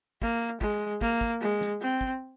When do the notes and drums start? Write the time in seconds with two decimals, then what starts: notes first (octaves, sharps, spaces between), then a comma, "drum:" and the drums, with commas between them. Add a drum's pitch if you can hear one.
0.22 A#3, drum: kick
0.61 G#3, drum: kick
1.01 A#3, drum: kick
1.21 drum: kick
1.41 G#3
1.61 drum: snare
1.81 C4
2.01 drum: kick